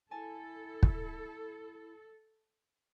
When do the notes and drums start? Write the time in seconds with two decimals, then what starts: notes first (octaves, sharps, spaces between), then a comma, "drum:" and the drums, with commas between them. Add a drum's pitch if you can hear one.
0.11 E4 A4 G#5 A5
0.83 drum: kick